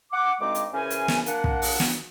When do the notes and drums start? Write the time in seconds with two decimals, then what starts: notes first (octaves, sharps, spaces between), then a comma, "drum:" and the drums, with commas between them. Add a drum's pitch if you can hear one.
0.13 F#5 D6
0.40 D2 G2 G#3 C4 D#4 D6
0.55 drum: hi-hat
0.72 C#3 E3 C#4 A#4 C5 G#5
0.90 drum: hi-hat
1.08 drum: snare
1.26 A#3 D4 F#5, drum: hi-hat
1.44 drum: kick
1.62 drum: open hi-hat
1.80 drum: snare